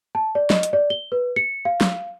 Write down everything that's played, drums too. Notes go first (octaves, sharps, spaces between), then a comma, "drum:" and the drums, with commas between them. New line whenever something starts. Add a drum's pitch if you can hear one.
A5
D5
D#5, drum: snare
drum: hi-hat
D5
G7
B4
C#7
F5
drum: snare